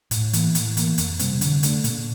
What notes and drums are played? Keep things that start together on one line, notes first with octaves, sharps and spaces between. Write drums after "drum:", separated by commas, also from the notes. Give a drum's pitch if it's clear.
A2, drum: hi-hat
E3 A#3, drum: hi-hat
A2, drum: hi-hat
E3 A#3, drum: hi-hat
F2, drum: hi-hat
C3 G3 C4, drum: hi-hat
D3, drum: hi-hat
A3 D4, drum: hi-hat
A#2, drum: hi-hat